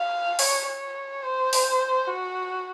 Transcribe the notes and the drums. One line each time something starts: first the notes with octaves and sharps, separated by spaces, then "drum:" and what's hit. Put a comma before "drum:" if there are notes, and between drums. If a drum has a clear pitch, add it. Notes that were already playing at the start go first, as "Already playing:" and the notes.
Already playing: F5
C#5, drum: open hi-hat
C#5
C5
drum: open hi-hat
F#4